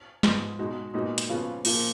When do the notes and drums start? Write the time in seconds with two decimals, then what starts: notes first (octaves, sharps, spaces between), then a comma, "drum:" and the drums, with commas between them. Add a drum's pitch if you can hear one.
0.23 G#2 F3 G#3 B3, drum: snare
0.59 B2 G#3 D#4 F#4
0.94 A#2 G#3 B3 D#4 F#4
1.18 drum: hi-hat
1.29 C#3 F3 B3 F4
1.65 A#2 F3 A#3 F4, drum: cymbal